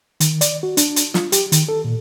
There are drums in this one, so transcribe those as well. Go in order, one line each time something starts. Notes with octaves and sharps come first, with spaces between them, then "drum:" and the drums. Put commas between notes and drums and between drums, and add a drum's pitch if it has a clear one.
D#3, drum: hi-hat
D5, drum: hi-hat
F#4
D4, drum: hi-hat
drum: hi-hat
F4, drum: snare
G4, drum: hi-hat
D#3, drum: hi-hat
A4
A#2